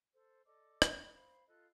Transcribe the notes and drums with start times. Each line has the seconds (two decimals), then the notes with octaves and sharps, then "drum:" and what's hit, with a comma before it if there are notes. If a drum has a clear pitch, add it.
0.13 A4 C5
0.46 A4 D5 D#5 D6
0.82 drum: rim click
0.92 D#5 B5 C6
1.13 C5 F5 B5
1.48 F4 A4 D#5 F#6